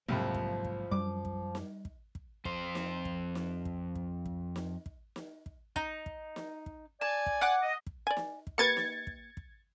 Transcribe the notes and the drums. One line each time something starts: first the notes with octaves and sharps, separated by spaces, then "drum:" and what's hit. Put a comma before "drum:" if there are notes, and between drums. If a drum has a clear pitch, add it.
C2 F2 G#2 F3 F#3 A#3
drum: kick
drum: kick
F#2 G3 D6
drum: kick
drum: snare
drum: kick
drum: kick
F2 C5, drum: kick
drum: snare
drum: kick
drum: snare
drum: kick
drum: kick
drum: kick
drum: snare
drum: kick
drum: snare
drum: kick
D#4, drum: kick
drum: kick
drum: snare
drum: kick
D5 G#5 A5
drum: kick
F#5 D6 F#6
D#5
drum: kick
D5 G#5
drum: snare
drum: kick
A#3 G4 B4 G#6 A6 C#7
drum: snare
drum: kick
drum: kick